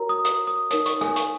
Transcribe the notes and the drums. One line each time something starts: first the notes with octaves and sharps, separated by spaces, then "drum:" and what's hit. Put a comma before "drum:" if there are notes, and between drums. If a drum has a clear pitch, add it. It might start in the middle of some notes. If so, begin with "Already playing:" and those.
Already playing: F#4 A#4 C#5 A#5
D#6
D#6, drum: hi-hat
D#6
D#4 A#4 C#5 D#6, drum: hi-hat
C#6, drum: hi-hat
G#5, drum: rim click
C#6, drum: hi-hat